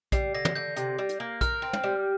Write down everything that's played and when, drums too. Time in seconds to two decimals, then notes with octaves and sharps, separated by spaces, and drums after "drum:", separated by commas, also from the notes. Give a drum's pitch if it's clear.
0.12 G3 C7, drum: kick A#1, hi-hat
0.35 D3 A#6
0.45 drum: tom
0.56 D3 G6
0.76 C3, drum: hi-hat
0.99 G3
1.09 drum: hi-hat
1.20 A#3
1.41 A#4 F6, drum: kick A#1, hi-hat
1.62 C4
1.73 drum: tom
1.84 G3